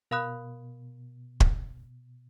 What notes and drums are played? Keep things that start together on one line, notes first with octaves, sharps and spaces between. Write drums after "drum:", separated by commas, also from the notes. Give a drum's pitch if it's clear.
B2 A#4 F5 B5 D#6 F#6
drum: kick